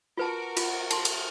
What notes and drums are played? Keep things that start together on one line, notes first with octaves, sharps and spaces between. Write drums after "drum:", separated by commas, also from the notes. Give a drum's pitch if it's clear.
F4 F#4 A#4 B4 A5 D6
F4 F#5, drum: cymbal
A5 C6, drum: cymbal
drum: cymbal